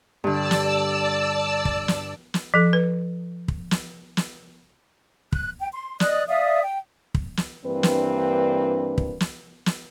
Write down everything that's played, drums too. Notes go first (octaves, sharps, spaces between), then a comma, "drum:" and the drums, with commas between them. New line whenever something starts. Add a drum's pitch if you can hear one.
G2 D3 D5 A5 E6
drum: snare
drum: kick
drum: snare
drum: snare
F3 A4
B4
drum: kick
drum: snare
drum: snare
F#6, drum: kick
G5
C6
D5 D#5 D#6 F#6, drum: snare
D5 E5 F5 D#6
G5
drum: kick
drum: snare
G2 E3 A#3 C4 D4 B4
drum: snare
drum: kick
drum: snare
drum: snare